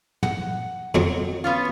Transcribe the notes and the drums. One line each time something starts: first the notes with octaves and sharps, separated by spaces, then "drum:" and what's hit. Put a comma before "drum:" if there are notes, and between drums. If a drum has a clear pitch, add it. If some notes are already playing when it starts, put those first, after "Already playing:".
F#5, drum: tom
F2 F#3 C4, drum: tom
B3 C#4 F4